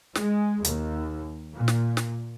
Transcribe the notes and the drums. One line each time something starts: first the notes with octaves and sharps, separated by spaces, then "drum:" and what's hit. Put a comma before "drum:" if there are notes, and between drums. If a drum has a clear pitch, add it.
G#3, drum: snare
D#2, drum: hi-hat
A#2
drum: snare
drum: snare